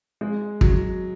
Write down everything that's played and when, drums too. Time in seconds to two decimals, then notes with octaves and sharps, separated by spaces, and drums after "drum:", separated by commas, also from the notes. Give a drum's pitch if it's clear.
0.21 G#3
0.61 F#3, drum: kick